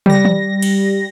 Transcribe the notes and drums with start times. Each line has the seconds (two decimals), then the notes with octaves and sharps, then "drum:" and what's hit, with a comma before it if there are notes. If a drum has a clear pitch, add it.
0.06 G3 A#6, drum: tom
0.25 drum: tom
0.62 drum: cymbal